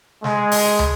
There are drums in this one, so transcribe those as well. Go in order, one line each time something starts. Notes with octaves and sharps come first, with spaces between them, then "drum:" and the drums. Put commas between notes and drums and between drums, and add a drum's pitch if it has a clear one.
G#3, drum: snare
drum: open hi-hat
drum: tom